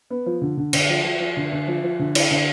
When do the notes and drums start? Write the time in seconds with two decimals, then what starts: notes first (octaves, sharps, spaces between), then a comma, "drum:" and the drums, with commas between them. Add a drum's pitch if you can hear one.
0.10 B3
0.26 F3
0.42 D3
0.57 D3
0.73 D3, drum: cymbal
0.89 F3
1.04 F3
1.20 F3
1.37 D3
1.52 D3
1.68 F3
1.84 F3
1.99 D3
2.15 E4, drum: cymbal
2.31 D3